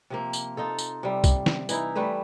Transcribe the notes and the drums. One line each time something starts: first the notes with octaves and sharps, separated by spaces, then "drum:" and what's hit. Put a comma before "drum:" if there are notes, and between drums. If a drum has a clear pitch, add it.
C3 F3 A#3
drum: tambourine
D#4 F4 A4
drum: tambourine
C3 G3
drum: kick C2, tambourine
drum: snare
E3 D#4 E4, drum: tambourine
G3 A3 B4 E5